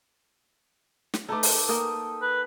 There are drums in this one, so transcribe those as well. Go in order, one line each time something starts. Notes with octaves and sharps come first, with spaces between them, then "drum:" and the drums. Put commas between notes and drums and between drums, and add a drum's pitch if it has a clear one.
drum: snare
A3 D#4 A4 B4 D6
drum: open hi-hat
A#3 A#4 G5 D#6
B4